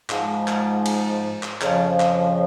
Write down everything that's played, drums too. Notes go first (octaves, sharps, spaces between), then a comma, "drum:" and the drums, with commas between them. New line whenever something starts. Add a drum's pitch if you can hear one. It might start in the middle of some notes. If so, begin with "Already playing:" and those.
G#2 F3 G#3, drum: clap
drum: clap
drum: cymbal
drum: clap
F2 C#3 F3, drum: clap
drum: clap